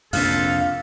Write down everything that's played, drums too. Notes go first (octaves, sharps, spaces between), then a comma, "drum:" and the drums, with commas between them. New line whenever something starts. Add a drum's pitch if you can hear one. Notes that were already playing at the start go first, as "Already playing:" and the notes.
A#1 F2 C3 A4 F5, drum: open hi-hat